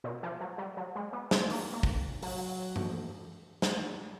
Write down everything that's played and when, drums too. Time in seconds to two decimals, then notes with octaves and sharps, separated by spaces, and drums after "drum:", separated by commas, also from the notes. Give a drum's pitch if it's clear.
0.04 B2
0.23 F3
0.40 F#3
0.58 G3
0.77 F#3
0.95 G#3
1.13 B3
1.31 C4, drum: snare
1.50 A#3, drum: open hi-hat
1.73 A#3
1.83 drum: kick
2.22 F#3, drum: open hi-hat
2.76 drum: tom
3.62 drum: snare